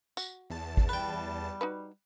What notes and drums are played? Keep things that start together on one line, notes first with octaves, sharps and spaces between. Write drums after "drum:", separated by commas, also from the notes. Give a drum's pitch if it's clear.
F#4, drum: tambourine
E2 A5
drum: kick G#1
G3 B4 G5
D#4 F#4 B4